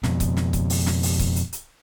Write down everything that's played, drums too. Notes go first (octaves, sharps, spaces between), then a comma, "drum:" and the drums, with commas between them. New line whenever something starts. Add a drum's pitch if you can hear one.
F2 B2, drum: snare
drum: kick C#1, hi-hat
drum: snare
drum: kick C#1, hi-hat
drum: open hi-hat
drum: snare
drum: open hi-hat
drum: kick C#1, hi-hat
drum: hi-hat
drum: hi-hat